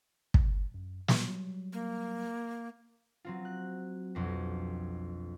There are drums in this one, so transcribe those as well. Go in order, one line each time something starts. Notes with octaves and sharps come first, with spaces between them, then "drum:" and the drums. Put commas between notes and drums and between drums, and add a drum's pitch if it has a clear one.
drum: kick
F#2
F#3 G3, drum: snare
A#3
F#3 C4 F4
F#6
B1 F2 D4 F#4